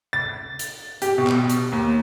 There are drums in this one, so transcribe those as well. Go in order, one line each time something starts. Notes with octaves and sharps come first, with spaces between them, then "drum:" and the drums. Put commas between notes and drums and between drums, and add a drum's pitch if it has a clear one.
A6
drum: hi-hat
G4, drum: hi-hat
B2
drum: clap
drum: hi-hat
D#2